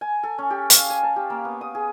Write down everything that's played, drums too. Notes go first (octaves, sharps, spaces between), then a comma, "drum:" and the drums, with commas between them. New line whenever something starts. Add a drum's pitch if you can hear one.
G#5
A4
C#4
G4
F5, drum: hi-hat
G#5
A5
G4
A#3
B3
D#6
G#4